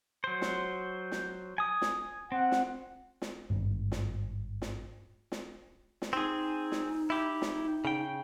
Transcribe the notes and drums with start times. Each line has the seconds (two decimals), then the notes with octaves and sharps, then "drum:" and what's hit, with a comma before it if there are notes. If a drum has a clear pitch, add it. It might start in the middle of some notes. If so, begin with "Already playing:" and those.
0.24 F#3 C5
0.42 drum: snare
1.12 drum: snare
1.58 G#5 D#6
1.82 drum: snare
2.32 C4 F#5
2.52 drum: snare
3.22 drum: snare
3.50 G#1 G2
3.92 drum: snare
4.62 drum: snare
5.32 drum: snare
6.02 drum: snare
6.13 C4 D#4 G#4
6.72 drum: snare
7.10 E4 G4
7.42 drum: snare
7.85 C#3 G5